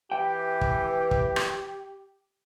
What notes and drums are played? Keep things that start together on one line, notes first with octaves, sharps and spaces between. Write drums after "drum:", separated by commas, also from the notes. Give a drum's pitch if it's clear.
E3 G4 G5
drum: kick
drum: kick
drum: rim click